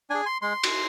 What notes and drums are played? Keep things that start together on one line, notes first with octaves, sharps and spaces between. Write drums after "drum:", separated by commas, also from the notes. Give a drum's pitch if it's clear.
D4 G#4 G#5
C6
G#3 C6
drum: cymbal